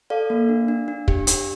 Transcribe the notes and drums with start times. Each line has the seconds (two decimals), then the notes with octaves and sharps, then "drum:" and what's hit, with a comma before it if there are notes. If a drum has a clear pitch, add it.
0.10 A4 D5 F5
0.30 A#3
0.49 D4
0.68 D4
0.88 D4
1.08 G4, drum: kick
1.27 D4, drum: hi-hat